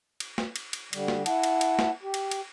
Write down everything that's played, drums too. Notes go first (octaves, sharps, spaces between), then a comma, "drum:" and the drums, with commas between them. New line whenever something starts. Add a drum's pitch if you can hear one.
drum: cymbal
drum: snare
drum: cymbal
drum: cymbal
D3 G3, drum: cymbal
drum: snare
E4 F#5 A5, drum: cymbal
drum: cymbal
drum: cymbal
drum: snare
G4
drum: cymbal
drum: cymbal